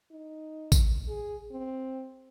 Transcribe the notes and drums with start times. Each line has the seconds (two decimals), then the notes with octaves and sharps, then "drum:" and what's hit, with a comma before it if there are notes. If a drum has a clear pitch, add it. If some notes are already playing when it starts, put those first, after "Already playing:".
0.11 D#4
0.72 drum: kick A1, tambourine
1.08 G#4
1.51 C4